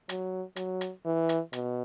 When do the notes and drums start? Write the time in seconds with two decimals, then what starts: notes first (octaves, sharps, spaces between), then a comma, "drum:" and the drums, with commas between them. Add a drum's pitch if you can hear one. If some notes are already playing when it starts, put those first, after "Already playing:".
0.09 F#3, drum: hi-hat
0.56 F#3, drum: hi-hat
0.81 drum: hi-hat
1.06 E3
1.29 drum: hi-hat
1.53 B2, drum: hi-hat